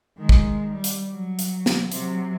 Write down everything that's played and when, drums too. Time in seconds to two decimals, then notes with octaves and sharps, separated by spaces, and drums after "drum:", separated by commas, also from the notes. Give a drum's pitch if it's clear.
0.18 D#3 G#3
0.29 drum: kick
0.71 G3
0.84 drum: hi-hat
1.11 F#3
1.39 drum: hi-hat
1.66 drum: snare
1.92 C3 F#3, drum: hi-hat